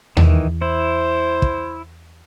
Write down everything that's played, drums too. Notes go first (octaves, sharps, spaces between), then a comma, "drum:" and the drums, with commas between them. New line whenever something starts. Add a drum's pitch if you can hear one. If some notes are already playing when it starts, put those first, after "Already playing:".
E2 D#3 E3, drum: tom D#2
E4 C5
drum: kick